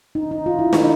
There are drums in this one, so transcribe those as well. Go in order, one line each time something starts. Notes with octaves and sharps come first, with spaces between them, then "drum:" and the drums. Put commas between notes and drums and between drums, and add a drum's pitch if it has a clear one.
D#4
D#4
F4
E4
D#4, drum: snare